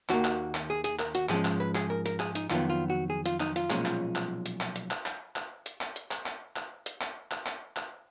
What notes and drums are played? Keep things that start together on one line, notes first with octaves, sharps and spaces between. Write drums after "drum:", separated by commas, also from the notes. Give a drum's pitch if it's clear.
D#2 D#3 A#3 F#4, drum: clap
drum: clap
drum: clap
G#4
G#4, drum: hi-hat
A#4, drum: clap
F#4, drum: hi-hat
G#2 F3 G#3 C#4 G#4, drum: clap
drum: clap
B4
G#4, drum: clap
A#4
A#4, drum: hi-hat
G#4, drum: clap
D#4, drum: hi-hat
F2 D#3 F#3 B3 F4, drum: clap
F4
F#4
G#4
F4, drum: hi-hat
D#4, drum: clap
F4, drum: hi-hat
B1 A#2 F3 G#3 C#4, drum: clap
drum: clap
drum: clap
drum: hi-hat
drum: clap
drum: hi-hat
drum: clap
drum: clap
drum: clap
drum: hi-hat
drum: clap
drum: hi-hat
drum: clap
drum: clap
drum: clap
drum: hi-hat
drum: clap
drum: clap
drum: clap
drum: clap